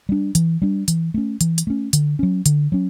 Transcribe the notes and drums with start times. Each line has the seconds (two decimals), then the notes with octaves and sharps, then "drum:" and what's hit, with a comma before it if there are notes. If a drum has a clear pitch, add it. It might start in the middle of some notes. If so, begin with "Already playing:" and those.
0.09 G3 D4
0.35 E3, drum: hi-hat
0.62 G3 D4
0.88 E3, drum: hi-hat
1.14 A3 C#4
1.41 E3, drum: hi-hat
1.58 drum: hi-hat
1.67 A3 C#4
1.93 D3, drum: hi-hat
2.19 F#3 C#4
2.46 D3, drum: hi-hat
2.72 F#3 C#4